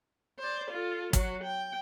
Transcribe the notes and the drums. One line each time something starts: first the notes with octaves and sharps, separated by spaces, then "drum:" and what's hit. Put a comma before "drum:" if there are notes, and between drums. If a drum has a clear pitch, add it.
C5 D5
F4 A4
F#3 F#4, drum: kick, hi-hat
G5